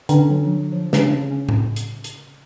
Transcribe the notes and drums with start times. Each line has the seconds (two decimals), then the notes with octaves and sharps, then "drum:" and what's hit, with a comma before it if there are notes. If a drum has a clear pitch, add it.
0.09 D3 C#4, drum: hi-hat
0.30 F#3
0.44 F3
0.51 F#3
0.72 F3
0.93 C#3 D4, drum: snare
1.14 C#4
1.30 C#4
1.49 drum: tom A2
1.76 drum: hi-hat
2.04 drum: hi-hat